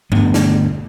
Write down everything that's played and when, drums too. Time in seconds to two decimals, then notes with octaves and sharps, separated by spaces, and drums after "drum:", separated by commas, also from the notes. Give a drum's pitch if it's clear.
0.12 G1 A3 B3 D4, drum: tom G2
0.34 drum: snare